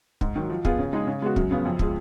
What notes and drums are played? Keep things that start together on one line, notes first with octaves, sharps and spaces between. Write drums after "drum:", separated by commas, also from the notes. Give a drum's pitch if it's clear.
G#2, drum: kick
D#3 F#3
F3
B3 F4 G#4, drum: kick
C#3
G#3 D#4 G#4
C#3
G#3 B3 F#4
F#2, drum: kick
C#3 F3 B3 F4
F2
F3 G#3, drum: kick